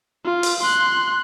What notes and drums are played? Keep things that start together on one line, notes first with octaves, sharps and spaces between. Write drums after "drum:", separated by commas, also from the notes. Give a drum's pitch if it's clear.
F4
drum: open hi-hat
C6 F#6